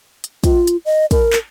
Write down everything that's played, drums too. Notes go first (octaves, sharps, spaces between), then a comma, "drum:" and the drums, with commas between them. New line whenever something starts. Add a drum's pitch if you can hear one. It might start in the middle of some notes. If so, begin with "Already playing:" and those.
drum: hi-hat
F4, drum: kick, hi-hat
drum: hi-hat
D#5
A#4, drum: kick, hi-hat
drum: clap